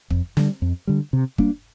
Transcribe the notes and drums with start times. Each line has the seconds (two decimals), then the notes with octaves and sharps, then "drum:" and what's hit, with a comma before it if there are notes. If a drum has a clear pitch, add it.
0.10 F2, drum: kick
0.37 D3 G3, drum: snare
0.62 F2
0.87 D3 G3
1.13 C3
1.38 G3 A#3 D4, drum: kick